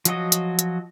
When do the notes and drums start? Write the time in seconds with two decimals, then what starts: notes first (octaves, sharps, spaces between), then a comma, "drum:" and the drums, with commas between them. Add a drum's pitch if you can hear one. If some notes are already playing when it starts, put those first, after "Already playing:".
0.05 F3 F#3 F#4 D#5, drum: hi-hat
0.32 drum: hi-hat
0.59 drum: hi-hat